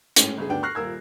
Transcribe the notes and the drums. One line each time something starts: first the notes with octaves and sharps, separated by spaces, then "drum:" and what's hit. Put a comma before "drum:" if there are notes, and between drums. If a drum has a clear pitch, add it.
A2 G#3 C#4, drum: hi-hat
G1 C#3 G#4
D2 B3 D4 G5
C#6 F6 F#6 A#6 C7
D#1 F4 A#4 E6 G#6